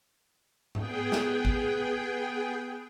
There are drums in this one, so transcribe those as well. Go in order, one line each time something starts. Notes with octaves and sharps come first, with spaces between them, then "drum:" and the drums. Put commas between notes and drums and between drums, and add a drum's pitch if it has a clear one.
B3 G#4 G5, drum: tom G#2
drum: snare
drum: kick G#1